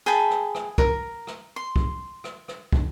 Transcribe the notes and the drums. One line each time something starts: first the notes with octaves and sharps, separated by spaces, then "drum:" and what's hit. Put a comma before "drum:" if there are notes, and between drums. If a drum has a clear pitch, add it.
G#4 G5 A5 B5
drum: rim click
drum: rim click
A#4, drum: kick
drum: rim click
C6
drum: kick
drum: rim click
drum: rim click
drum: kick